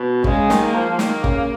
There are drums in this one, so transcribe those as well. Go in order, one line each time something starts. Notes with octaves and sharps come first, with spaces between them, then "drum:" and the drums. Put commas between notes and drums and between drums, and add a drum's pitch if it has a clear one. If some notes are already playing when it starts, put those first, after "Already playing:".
Already playing: B2
C#3 G#3, drum: kick
D#3, drum: snare
A#3
F3
F3
D#3 A#3, drum: snare
C#3, drum: kick